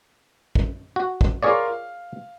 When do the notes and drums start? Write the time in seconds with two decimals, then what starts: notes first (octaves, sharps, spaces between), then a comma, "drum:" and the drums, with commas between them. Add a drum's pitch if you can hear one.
0.55 drum: kick
0.96 F#4
1.21 drum: kick
1.43 F4 G#4 A#4 C#5 D5 F5
1.68 F5